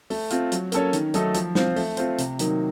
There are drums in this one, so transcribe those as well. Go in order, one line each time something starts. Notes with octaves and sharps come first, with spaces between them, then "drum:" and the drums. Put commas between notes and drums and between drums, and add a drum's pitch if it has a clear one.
A3, drum: open hi-hat
C4 F4, drum: hi-hat
F#3, drum: hi-hat
A#3 C#4 A4 C#5, drum: hi-hat
D#3, drum: hi-hat
F#3 A3 D#4 A4, drum: hi-hat
F3, drum: hi-hat
C4 F4 C5, drum: snare
A3, drum: open hi-hat
C4 F4 C5, drum: hi-hat
C3, drum: hi-hat
D#3 F#3 A#3 D#4, drum: hi-hat